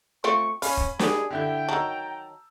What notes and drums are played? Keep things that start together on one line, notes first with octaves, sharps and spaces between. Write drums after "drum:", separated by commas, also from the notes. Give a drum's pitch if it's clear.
A3 C4 F4 C#6
C#4 F5 G#5 B5, drum: open hi-hat
drum: kick
G3 D4 G#4, drum: snare
D3 E4 G5 G6
D#3 F#3 A5 A#5 E6